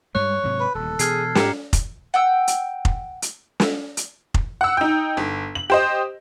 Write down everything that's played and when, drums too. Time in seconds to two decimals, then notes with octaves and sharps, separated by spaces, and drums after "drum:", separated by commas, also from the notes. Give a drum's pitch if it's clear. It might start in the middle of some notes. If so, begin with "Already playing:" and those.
0.15 G2 G3 G#3 C#5 F#6
0.43 G#2 C3 F#3
0.60 B4
0.75 D#1 D2 A4
0.99 B2 E3 G#4 F6 G#6 C7, drum: hi-hat
1.35 G#2 G4 A#5 C#7, drum: snare
1.73 drum: kick F1, hi-hat
2.14 F#5 G5 E6
2.48 drum: hi-hat
2.85 drum: kick F1
3.22 drum: hi-hat
3.60 drum: snare
3.97 drum: hi-hat
4.34 drum: kick F1
4.61 F#5 E6
4.77 D#4 G5
5.17 G1
5.55 F#7
5.70 G4 C5 D#5